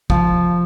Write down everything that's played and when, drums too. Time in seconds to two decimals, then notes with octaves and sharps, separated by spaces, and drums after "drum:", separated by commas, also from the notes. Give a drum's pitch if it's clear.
0.10 F3, drum: kick